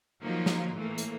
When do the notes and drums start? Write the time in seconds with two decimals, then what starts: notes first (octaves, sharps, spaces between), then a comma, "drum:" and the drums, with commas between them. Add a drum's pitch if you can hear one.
0.22 D#3 F3 F#3 A#3 D#4 F4
0.46 drum: snare
0.74 A2 E3 A3 A#3
0.98 drum: hi-hat